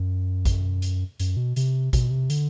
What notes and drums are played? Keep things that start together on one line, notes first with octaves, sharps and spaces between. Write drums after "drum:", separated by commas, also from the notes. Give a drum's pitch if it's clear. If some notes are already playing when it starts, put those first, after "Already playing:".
Already playing: F#2
drum: kick, hi-hat
drum: hi-hat
F#2, drum: hi-hat
B2
C3, drum: hi-hat
B2, drum: kick, hi-hat
C3
D3, drum: hi-hat